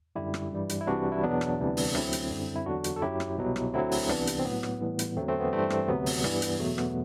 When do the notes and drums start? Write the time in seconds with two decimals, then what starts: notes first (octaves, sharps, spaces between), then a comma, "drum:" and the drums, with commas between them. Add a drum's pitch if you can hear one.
0.16 F#2 D3 G3 E4 G4
0.34 drum: rim click
0.52 G2 E3 G3
0.69 drum: hi-hat
0.81 E4
0.87 C2 C3 E3 G3 D4 F#4
1.12 E4
1.23 E2 B2 F#3 B3 D4
1.41 drum: rim click
1.59 D2 C3 E3 G3
1.77 drum: open hi-hat
1.95 D2 D3 F#3 C4 E4, drum: rim click
2.13 drum: hi-hat
2.30 F#2 D3 G3
2.56 E4
2.66 E2 D3 F#3 D4 F#4
2.84 drum: hi-hat
2.96 A4
3.02 F#2 F#3 E4 G4
3.20 drum: rim click
3.37 C2 B2 F#3
3.56 drum: rim click
3.74 D2 D3 F#3 C4 E4
3.91 drum: open hi-hat
4.09 C2 C3 E3 B3 D4, drum: rim click
4.27 drum: hi-hat
4.39 C4
4.45 A2 F#3 B3
4.63 drum: rim click
4.81 A2 E3 G3
4.99 drum: hi-hat
5.16 E2 D3 F#3 A3 C4
5.28 A3 C4
5.40 B3
5.53 G2 E3 G3 A3 C4
5.70 drum: rim click
5.88 D2 C3 F#3 B3
6.06 drum: open hi-hat
6.24 G2 E3 G3, drum: rim click
6.42 drum: hi-hat
6.60 E2 B2 F#3 A3
6.78 B3, drum: rim click